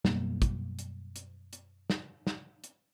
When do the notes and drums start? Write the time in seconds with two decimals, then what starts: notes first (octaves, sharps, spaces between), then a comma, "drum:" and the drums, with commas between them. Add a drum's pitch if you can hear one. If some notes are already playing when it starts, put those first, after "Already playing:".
0.05 F#2 B2 G3 A#3, drum: snare
0.42 drum: kick, hi-hat
0.79 drum: hi-hat
1.16 drum: hi-hat
1.53 drum: hi-hat
1.90 drum: snare
2.27 drum: snare
2.64 drum: hi-hat